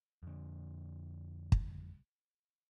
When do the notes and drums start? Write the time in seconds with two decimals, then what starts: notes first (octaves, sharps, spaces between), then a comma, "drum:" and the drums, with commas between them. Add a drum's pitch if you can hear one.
0.23 F2 D3
1.52 drum: kick